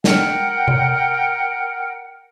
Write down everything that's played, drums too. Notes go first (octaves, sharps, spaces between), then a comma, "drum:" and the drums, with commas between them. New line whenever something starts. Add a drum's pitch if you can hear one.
A#4 F#5 G5, drum: snare
drum: tom C3